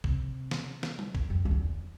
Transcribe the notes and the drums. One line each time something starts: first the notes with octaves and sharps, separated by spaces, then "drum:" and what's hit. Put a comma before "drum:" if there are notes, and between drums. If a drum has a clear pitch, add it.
C3, drum: kick
drum: snare
drum: snare
drum: tom F#3
drum: kick
F2
F2
E2